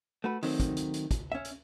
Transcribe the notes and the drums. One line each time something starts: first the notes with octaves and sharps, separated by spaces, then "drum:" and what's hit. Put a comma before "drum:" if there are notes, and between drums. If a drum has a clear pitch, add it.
A3 F#4 B4
D#3 F#3 A3 C4, drum: open hi-hat
drum: kick, hi-hat
drum: hi-hat
drum: hi-hat
drum: kick, hi-hat
C#4 E5
drum: hi-hat